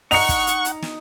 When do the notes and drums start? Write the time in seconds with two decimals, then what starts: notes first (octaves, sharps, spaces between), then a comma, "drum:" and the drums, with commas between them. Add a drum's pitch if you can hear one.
0.11 D#4 F#5 C#6 C#7 F7, drum: open hi-hat
0.29 drum: kick, hi-hat
0.47 drum: hi-hat
0.65 drum: hi-hat
0.82 drum: snare